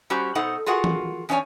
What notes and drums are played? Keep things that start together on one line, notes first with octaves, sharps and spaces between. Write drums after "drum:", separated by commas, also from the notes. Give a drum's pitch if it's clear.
G3 C#4 F#4 G4 C5 A#5
B2 D#4 A4 C5 F#5
F4 F#4 G#4 A#4 F#5
drum: tom E3
E2 C#4 D4 E4 C#5 G#5